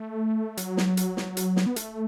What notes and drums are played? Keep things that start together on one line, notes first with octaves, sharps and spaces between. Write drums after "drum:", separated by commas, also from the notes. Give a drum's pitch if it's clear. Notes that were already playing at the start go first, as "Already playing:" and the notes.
Already playing: A3
F#3, drum: hi-hat
drum: snare
drum: hi-hat
drum: snare
drum: hi-hat
drum: snare
B3
A3, drum: hi-hat